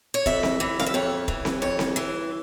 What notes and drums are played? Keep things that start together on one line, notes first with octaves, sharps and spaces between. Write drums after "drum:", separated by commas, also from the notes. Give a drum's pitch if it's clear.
C#5
F2 E5, drum: kick E1
drum: snare C4
E3
F5, drum: snare C4
E5
F2 C#5
E3, drum: kick E1
drum: snare C4
F2 C#5
drum: snare C4
E3